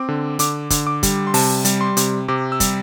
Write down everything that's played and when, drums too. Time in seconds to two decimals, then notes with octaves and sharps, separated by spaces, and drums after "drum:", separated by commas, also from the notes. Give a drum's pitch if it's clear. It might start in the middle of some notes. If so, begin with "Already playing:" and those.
Already playing: C4 D6
0.09 D3
0.39 D3 D6, drum: hi-hat
0.70 D3, drum: kick, hi-hat
0.87 D6
1.03 G3, drum: kick, hi-hat
1.27 C6
1.34 C3 A5, drum: open hi-hat
1.65 G3, drum: hi-hat
1.81 C6
1.97 C3, drum: hi-hat
2.28 C3 D6
2.52 E6
2.60 G3, drum: kick, hi-hat